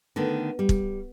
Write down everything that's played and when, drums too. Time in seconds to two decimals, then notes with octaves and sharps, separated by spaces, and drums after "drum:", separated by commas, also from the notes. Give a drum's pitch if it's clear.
0.16 D3 D#3 A3 B3
0.59 G3
0.69 drum: kick